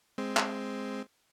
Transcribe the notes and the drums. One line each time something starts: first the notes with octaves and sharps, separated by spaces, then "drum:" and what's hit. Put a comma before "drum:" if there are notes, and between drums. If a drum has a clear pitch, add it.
G#3 C4
drum: clap